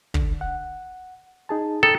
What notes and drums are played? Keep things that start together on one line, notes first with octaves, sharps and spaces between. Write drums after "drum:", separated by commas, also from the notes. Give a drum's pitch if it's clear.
D3, drum: kick
F#5
D#4 G#4 A5
A4 G5 A#5 D#6